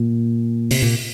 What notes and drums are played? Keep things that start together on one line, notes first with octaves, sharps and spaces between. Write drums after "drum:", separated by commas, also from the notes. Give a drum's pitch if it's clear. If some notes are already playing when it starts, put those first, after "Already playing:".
Already playing: A#2
C3, drum: open hi-hat
A#2